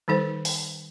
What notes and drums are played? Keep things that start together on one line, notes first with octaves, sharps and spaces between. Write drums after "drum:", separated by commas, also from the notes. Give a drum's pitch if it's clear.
D#3 G3 D#4 A4 C5
drum: open hi-hat